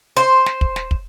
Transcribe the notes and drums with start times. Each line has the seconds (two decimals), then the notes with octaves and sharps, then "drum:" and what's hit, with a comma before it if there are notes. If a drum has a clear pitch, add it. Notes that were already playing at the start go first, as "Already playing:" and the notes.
0.17 C5
0.46 drum: snare
0.61 drum: kick
0.76 drum: snare
0.91 drum: kick